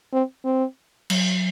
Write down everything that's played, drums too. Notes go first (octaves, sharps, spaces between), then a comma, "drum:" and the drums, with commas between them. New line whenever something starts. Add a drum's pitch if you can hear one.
C4
C4
F#3, drum: cymbal